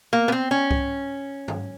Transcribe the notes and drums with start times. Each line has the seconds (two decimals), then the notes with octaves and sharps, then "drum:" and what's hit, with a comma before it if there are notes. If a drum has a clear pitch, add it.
0.13 A#3
0.28 B3
0.32 C4
0.51 C#4
0.71 drum: kick C2
1.48 drum: tom